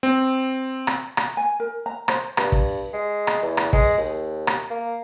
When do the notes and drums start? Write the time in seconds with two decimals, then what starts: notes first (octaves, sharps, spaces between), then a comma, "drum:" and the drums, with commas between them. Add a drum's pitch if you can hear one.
0.03 C4
0.87 drum: rim click
1.17 drum: rim click
1.37 G#5
1.60 A#4
1.86 A#5
2.08 C5, drum: rim click
2.37 G2, drum: rim click
2.52 drum: kick
2.93 G#3
3.27 drum: rim click
3.42 E2
3.57 drum: rim click
3.73 G#3, drum: kick
3.98 D#2
4.47 drum: rim click
4.70 A#3